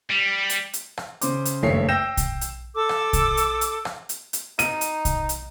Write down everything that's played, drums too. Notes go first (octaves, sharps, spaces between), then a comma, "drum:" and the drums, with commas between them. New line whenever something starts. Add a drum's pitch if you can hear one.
G3
drum: hi-hat
drum: hi-hat
drum: rim click
C#3 C5 D6, drum: hi-hat
drum: hi-hat
F#1 G2 A3 C#5 C7
G5 E6 G6 A#6 E7
drum: kick, hi-hat
drum: hi-hat
A4 D6 E6
drum: rim click
drum: kick, hi-hat
drum: hi-hat
drum: hi-hat
drum: rim click
drum: hi-hat
drum: hi-hat
D#4 D#7, drum: hi-hat
drum: hi-hat
drum: kick, hi-hat
drum: hi-hat